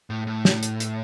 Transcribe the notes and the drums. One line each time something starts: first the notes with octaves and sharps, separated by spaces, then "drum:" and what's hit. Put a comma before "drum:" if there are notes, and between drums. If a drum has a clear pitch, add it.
A2
A2
drum: snare
drum: hi-hat
drum: hi-hat